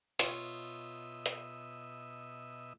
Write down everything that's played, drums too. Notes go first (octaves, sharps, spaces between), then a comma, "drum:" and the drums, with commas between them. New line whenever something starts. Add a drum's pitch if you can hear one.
B2 F4 C#5 D#5 E5 D#6, drum: hi-hat
drum: hi-hat